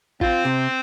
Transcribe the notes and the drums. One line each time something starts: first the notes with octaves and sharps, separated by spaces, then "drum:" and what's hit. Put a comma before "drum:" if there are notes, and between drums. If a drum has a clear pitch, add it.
C4 F4 C5, drum: kick G#1
C3